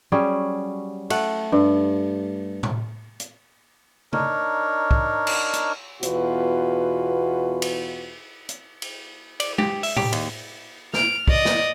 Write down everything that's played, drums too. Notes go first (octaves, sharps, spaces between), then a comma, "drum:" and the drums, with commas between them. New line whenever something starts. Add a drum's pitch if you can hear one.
F#3 G3 C#4 G#4
A3 F#5, drum: cymbal
G2
drum: tom A2
drum: hi-hat
D4 D#4 A#4 C#5, drum: tom C#3
drum: kick
drum: cymbal
drum: hi-hat
E2 B2 F4 F#4 B4, drum: hi-hat
drum: cymbal
drum: hi-hat
drum: cymbal
D5, drum: cymbal
G4, drum: tom G#3
E5, drum: open hi-hat
G4, drum: tom A2
D#2, drum: cymbal
F6 D7, drum: snare
D5 D#5, drum: kick
drum: snare